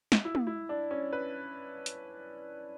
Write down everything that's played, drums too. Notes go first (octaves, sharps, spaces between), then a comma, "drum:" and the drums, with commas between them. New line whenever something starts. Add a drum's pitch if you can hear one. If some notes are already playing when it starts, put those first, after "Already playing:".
drum: snare
E4
drum: tom
E4
D4
C#4
B4
drum: hi-hat